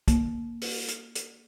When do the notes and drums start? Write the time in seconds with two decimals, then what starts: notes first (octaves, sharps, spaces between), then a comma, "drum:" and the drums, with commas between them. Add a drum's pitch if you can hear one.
0.08 A#3, drum: kick, hi-hat
0.61 drum: open hi-hat
0.88 drum: hi-hat
1.15 drum: hi-hat